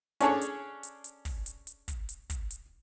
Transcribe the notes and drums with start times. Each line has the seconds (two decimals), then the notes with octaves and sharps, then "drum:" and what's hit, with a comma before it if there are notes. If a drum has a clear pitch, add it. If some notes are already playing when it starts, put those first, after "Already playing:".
0.20 C#4 D4 G#4 A4 C#5, drum: hi-hat
0.41 drum: hi-hat
0.83 drum: hi-hat
1.04 drum: hi-hat
1.25 drum: kick, open hi-hat
1.46 drum: hi-hat
1.67 drum: hi-hat
1.88 drum: kick, hi-hat
2.09 drum: hi-hat
2.30 drum: kick, hi-hat
2.51 drum: hi-hat